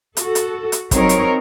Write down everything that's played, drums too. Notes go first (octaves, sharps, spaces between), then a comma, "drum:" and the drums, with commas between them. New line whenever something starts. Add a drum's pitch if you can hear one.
F#4 A4, drum: hi-hat
drum: hi-hat
drum: hi-hat
F#3 C4 D#4 A#4 C#5, drum: kick, hi-hat
drum: hi-hat